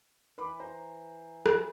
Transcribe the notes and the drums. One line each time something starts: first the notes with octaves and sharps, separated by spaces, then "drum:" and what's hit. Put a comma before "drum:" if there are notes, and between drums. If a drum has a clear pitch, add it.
E3 B4 B5 D6
C5 A#5
drum: rim click